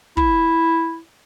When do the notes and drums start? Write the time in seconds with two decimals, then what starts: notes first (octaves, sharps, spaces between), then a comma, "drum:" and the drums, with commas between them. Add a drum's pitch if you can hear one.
0.17 E4, drum: kick